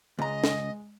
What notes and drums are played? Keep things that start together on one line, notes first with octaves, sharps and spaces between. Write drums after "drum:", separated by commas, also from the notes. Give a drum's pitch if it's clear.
C#2 G#3 D#5 A#5
drum: snare